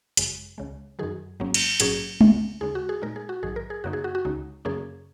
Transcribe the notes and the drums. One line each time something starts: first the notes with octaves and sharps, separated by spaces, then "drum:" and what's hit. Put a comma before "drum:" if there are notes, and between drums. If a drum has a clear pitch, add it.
G#1 F#2 C#3 G#3, drum: hi-hat
C#2 C#3 G#3
F#2 D#3 F#3 G#4
G#1 G#2 F#3 A#3 C#4
drum: cymbal
A#1 G#2 F#3 A#3 C#4 G#4, drum: hi-hat
C#2 C#3 G#3 C#4, drum: tom
D#2 C#3 G#3 G#4
F#4
G#4
A#2 G#3 D#4 A#4
G#4
F#4
A#1 G#2 D#3 F#3 G#4
A#4
G#4
F#2 C#3 A#3 D#4 F#4
G#4
F#4
F#4
C#2 C#3 G#3 D#4
F#2 C#3 A#3 C#4 G#4